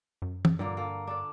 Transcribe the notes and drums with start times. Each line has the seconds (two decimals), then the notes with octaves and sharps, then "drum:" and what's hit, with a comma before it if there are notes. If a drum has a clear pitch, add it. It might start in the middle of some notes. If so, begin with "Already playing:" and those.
0.22 F#2
0.45 drum: tom
0.59 G2 A#2 D3 A#3
0.77 A#3 A4
1.07 D4 A4